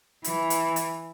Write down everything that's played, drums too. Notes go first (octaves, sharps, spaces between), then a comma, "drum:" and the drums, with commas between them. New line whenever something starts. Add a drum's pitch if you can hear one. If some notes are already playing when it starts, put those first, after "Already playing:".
E3, drum: hi-hat
drum: hi-hat
drum: hi-hat